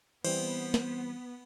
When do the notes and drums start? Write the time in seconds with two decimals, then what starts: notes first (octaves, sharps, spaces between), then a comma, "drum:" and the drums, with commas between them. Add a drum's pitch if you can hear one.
0.24 E3 G3 B3 C4 C5, drum: cymbal
0.74 drum: snare